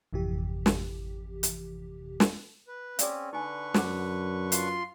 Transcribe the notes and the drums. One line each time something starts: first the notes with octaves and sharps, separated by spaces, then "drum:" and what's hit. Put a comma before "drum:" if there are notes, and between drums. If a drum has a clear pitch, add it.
G#1 F2 C3 E3 G4
drum: snare
drum: hi-hat
drum: snare
B4
C4 C#4 G#4 D5 F5, drum: hi-hat
D3 D#4 B4 G#5 C#6
F#2 C5 F#5 D6, drum: snare
F4 C6, drum: hi-hat